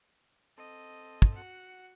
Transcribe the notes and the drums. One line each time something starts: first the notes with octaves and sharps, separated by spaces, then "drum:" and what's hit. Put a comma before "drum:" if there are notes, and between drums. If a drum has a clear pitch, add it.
C4 A4 D#5
drum: kick
F#4 F#5